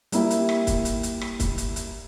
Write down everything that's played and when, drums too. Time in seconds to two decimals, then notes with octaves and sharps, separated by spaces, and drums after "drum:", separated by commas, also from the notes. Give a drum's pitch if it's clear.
0.12 G3 A#3 E4 G4, drum: hi-hat
0.30 drum: hi-hat
0.49 drum: rim click
0.67 drum: kick, hi-hat
0.85 drum: hi-hat
1.03 drum: hi-hat
1.21 drum: rim click
1.40 drum: kick, hi-hat
1.58 drum: hi-hat
1.76 drum: hi-hat